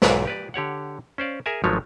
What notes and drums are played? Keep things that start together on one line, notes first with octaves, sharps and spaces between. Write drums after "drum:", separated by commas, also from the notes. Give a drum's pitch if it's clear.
B1 G#2 E3 B4 D5, drum: snare
G4 B4 D5
D3 G4 C#5 F#5
C#4 C5 D5 F5
G#4 A#4 E5 G#5
G#1 F3 F#3 G#3 A3 C#5